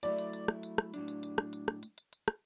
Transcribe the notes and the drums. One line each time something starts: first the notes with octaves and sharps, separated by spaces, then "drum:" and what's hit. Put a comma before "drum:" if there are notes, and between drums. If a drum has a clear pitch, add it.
F#3 A3 E4 D5, drum: hi-hat
drum: hi-hat
drum: hi-hat
drum: rim click
drum: hi-hat
drum: rim click
A2 F#3 D4, drum: hi-hat
drum: hi-hat
drum: hi-hat
drum: rim click
drum: hi-hat
drum: rim click
drum: hi-hat
drum: hi-hat
drum: hi-hat
drum: rim click